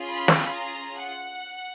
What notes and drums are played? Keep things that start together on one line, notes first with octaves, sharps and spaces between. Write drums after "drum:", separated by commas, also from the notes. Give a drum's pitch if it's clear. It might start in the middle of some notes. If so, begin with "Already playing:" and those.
Already playing: C#4 F4 G#4
B5
drum: snare
A#5
F#5